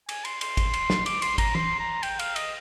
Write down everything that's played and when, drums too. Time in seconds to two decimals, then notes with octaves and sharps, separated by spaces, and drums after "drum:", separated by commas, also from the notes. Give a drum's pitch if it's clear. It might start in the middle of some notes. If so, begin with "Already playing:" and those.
0.09 G#5, drum: cymbal
0.25 C6, drum: cymbal
0.41 C6, drum: cymbal
0.57 drum: kick, cymbal
0.74 drum: cymbal
0.90 drum: snare
1.06 D6, drum: cymbal
1.22 C6, drum: cymbal
1.38 A#5, drum: kick, cymbal
1.55 C6, drum: tom
1.79 A#5
2.03 G5, drum: cymbal
2.19 F5, drum: cymbal
2.36 D#5, drum: cymbal